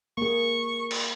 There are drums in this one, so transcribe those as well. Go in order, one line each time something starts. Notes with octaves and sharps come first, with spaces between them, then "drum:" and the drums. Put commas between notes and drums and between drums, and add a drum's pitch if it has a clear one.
A#3 G#4 C#6
drum: cymbal